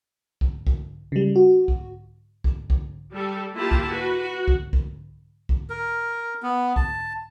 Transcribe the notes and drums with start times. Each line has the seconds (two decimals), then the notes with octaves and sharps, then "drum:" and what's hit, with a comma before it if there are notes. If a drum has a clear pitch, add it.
0.41 drum: kick C2
0.67 drum: kick C2
1.12 C#3 G3
1.36 F#4
1.68 drum: kick C2
2.44 drum: kick C2
2.70 drum: kick C2
3.13 G3 A4
3.54 A#3 E4 F4 G4 A5
3.71 drum: kick C2
3.89 F#4 B4
4.21 F#4
4.48 drum: kick C2
4.73 drum: kick C2
5.49 drum: kick C2
5.70 A#4
6.43 B3
6.76 A5, drum: kick C2